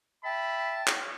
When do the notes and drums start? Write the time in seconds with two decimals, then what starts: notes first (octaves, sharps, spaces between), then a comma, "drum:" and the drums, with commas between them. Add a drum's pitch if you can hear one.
0.25 E5 G5 A5 B5
0.87 drum: clap